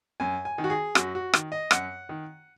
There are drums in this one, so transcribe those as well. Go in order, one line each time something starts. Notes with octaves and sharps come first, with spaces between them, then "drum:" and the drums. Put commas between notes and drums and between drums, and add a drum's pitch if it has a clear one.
F#2 G#5
G#5
D#3
F#4
G#4
F#2 F#4, drum: rim click
F#4
D#3, drum: rim click
D#5
F#2 F#5, drum: rim click
D#3